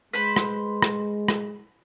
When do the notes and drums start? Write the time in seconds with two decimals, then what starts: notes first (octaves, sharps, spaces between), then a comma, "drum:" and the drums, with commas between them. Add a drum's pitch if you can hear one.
0.13 G#3 B4 C5 B5
0.36 drum: rim click
0.82 drum: rim click
1.28 drum: rim click